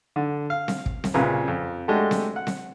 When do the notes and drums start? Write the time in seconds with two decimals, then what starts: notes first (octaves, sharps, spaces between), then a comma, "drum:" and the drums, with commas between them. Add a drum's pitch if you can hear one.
0.16 D3
0.50 F5
0.68 drum: snare C4
0.86 drum: kick
1.04 drum: snare C4
1.14 C2 A#2 C#3 B4 A#5
1.48 F2
1.88 G#3 A3 D4 F#4 G4 A4
2.11 drum: snare C4
2.36 F#5
2.47 drum: snare C4